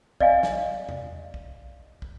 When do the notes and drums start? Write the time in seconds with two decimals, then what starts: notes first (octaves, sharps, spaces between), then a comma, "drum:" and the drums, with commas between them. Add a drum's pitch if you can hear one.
0.20 D5 D#5 F5 G#5, drum: kick
0.43 drum: snare
0.89 drum: tom E2
1.34 drum: kick
2.02 drum: kick